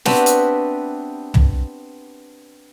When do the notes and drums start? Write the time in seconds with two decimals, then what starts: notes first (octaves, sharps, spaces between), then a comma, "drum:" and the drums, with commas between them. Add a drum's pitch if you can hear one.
0.05 B3 C4 D4 F#4 G4 E5, drum: snare
0.26 drum: hi-hat
1.34 drum: tom